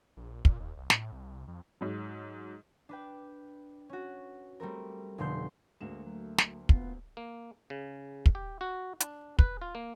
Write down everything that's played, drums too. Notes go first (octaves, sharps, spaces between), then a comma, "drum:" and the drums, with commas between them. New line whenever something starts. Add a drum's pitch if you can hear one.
A#1
A#2, drum: kick
D#2
C2
A2, drum: snare
C2
F2
G#2 F#3
D4 B4 G5
C#4 F#4
G3 A3 C4 A#4
F1 B2 D3 C6 G6
D2 G#3 A#3 F#4 E7
F#3 A3
drum: snare
B3 F4, drum: kick
A#3
C#3
drum: kick
G4
F#4
D4, drum: hi-hat
B4, drum: kick
F4
A#3